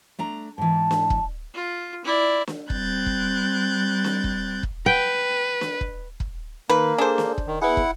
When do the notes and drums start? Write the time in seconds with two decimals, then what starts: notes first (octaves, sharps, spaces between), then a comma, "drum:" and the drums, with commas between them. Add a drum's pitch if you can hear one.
0.19 A3 D4 A#5
0.58 G#2 E3 A5
0.91 drum: snare
1.10 drum: kick
1.54 F4
2.04 E4 D5
2.47 drum: snare
2.70 G3 C4 F#6 G6 A6, drum: kick
3.06 drum: kick
4.04 drum: snare
4.24 drum: kick
4.63 drum: kick
4.86 B4 G5
5.61 drum: snare
5.81 drum: kick
6.20 drum: kick
6.70 D#3 A#3 B4
6.98 D4 G#4 A4 C5
7.18 drum: snare
7.38 drum: kick
7.47 D#3
7.61 B3 E4 G#4 F#5
7.77 drum: kick